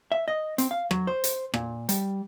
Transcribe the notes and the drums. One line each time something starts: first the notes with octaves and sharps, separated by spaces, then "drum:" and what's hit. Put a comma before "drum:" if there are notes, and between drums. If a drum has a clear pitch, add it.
E5
D#5
C4, drum: hi-hat
F5
F#3, drum: rim click
C5
drum: hi-hat
A#2, drum: rim click
G3, drum: hi-hat